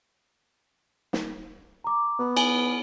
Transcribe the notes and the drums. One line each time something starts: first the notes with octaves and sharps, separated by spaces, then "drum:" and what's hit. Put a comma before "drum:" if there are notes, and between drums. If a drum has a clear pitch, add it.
drum: snare
A#5 D6
B3
G#5, drum: cymbal